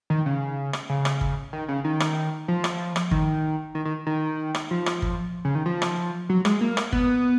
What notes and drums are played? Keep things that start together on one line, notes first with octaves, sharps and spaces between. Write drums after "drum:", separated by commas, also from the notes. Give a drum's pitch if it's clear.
D#3
C#3
drum: rim click
C#3
drum: rim click
drum: kick G1
D#3
C#3
D#3
drum: rim click
F3
drum: rim click
drum: rim click
D#3, drum: kick G1
D#3
D#3
D#3
drum: rim click
F3
drum: rim click
drum: kick G1
C#3
D#3
F3
drum: rim click
F#3
G#3, drum: rim click
A#3
drum: rim click
B3, drum: kick G1